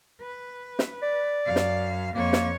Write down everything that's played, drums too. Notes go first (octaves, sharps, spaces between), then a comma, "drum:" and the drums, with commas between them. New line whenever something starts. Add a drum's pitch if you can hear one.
B4
drum: snare
D5
F#2 F5
drum: snare
F2 A#3 C#5
drum: snare